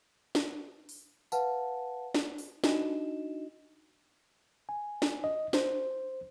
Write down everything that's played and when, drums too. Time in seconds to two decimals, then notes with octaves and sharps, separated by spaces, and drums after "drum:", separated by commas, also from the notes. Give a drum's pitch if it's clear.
0.35 drum: snare
0.89 drum: open hi-hat
1.32 B4 F5 F#5 A5, drum: tambourine
2.15 drum: snare
2.38 drum: open hi-hat
2.64 D4 D#4 F#4 D#5 E7, drum: snare
4.69 G#5
5.02 drum: snare
5.24 D#5
5.53 C5, drum: snare